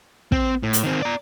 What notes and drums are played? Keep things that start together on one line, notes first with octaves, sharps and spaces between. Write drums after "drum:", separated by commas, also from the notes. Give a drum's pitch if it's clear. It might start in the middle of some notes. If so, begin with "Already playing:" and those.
C4, drum: kick
A2
drum: hi-hat
D#3 C4
D5 A#5